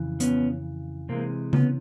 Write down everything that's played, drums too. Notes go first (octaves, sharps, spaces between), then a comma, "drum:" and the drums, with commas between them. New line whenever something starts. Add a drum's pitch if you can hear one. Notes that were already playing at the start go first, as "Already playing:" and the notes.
Already playing: F2 C#3 E3
B3 C#4, drum: hi-hat
C3 E3 G#3 A#3 C4
B3 C#4, drum: tom C#3